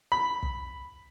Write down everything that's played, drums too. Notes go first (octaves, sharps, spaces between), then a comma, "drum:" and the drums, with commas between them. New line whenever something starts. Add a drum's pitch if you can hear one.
B5
drum: kick